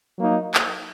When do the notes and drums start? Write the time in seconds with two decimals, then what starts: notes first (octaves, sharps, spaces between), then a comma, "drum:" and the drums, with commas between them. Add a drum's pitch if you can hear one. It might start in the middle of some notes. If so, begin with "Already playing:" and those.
0.17 F#3 A#3 D#4
0.54 drum: clap